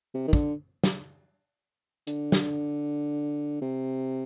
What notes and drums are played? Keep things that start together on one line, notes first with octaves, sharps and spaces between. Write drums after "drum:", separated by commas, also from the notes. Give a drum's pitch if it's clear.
C3
D#3
D3, drum: kick
drum: snare
D3, drum: hi-hat
drum: snare
C3